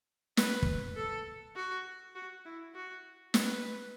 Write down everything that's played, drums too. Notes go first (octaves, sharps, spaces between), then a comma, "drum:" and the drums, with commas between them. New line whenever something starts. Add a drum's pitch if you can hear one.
B4, drum: snare
drum: kick
A4
F#4
F#4
E4
F#4
B4, drum: snare